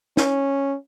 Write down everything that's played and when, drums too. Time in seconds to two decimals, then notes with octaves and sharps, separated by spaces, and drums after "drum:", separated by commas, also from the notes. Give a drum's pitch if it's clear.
0.17 C#4, drum: snare